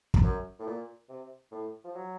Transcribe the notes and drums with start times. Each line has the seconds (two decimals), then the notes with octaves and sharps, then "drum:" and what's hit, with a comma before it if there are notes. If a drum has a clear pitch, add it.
0.14 drum: kick
0.23 F#2
0.59 A2
0.67 A#2
1.09 C3
1.51 A2
1.84 F3
1.95 F#3